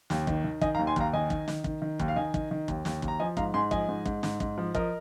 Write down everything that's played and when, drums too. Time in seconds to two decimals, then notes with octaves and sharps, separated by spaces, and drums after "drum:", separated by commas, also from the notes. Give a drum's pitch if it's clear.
0.10 D#2, drum: snare
0.27 D#3, drum: kick
0.44 D#3
0.61 D#3 D#5 G#5, drum: kick
0.75 F5 A#5
0.79 D#2
0.87 G#5 C6
0.96 D#2 F5 A#5, drum: kick
1.13 D#3 D#5 G#5
1.30 D#3, drum: kick
1.48 D#3, drum: snare
1.64 D#3, drum: kick
1.82 D#3
1.99 D#2, drum: kick
2.08 F5
2.16 D#3 D#5 G#5
2.34 D#3, drum: kick
2.51 D#3
2.68 D#2, drum: kick
2.85 D#2, drum: snare
3.02 D#2, drum: kick
3.08 A#5
3.20 F3 D#5 G#5
3.37 G#2 F5 A#5, drum: kick
3.54 G#2 G#5 C6
3.71 F3 D#5 G#5, drum: kick
3.89 G#2
4.05 G#2, drum: kick
4.23 G#2, drum: snare
4.40 G#2, drum: kick
4.58 F3
4.75 F3 A#4 D#5, drum: kick